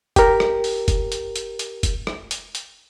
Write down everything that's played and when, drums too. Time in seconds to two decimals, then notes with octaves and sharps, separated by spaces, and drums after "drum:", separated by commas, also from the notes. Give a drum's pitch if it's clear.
0.16 G4 A#4, drum: kick F#1, hi-hat
0.40 drum: rim click
0.64 drum: open hi-hat
0.88 drum: kick F#1, hi-hat
1.12 drum: hi-hat
1.36 drum: hi-hat
1.59 drum: hi-hat
1.83 drum: kick F#1, hi-hat
2.07 drum: rim click
2.31 drum: hi-hat
2.55 drum: hi-hat